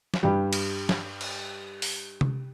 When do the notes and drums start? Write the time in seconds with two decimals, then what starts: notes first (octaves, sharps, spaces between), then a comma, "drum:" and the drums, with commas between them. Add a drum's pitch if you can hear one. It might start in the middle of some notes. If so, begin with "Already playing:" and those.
0.14 drum: snare
0.23 G2 G3
0.53 drum: cymbal
0.89 drum: snare
1.21 drum: cymbal
1.82 drum: open hi-hat
2.21 drum: tom C3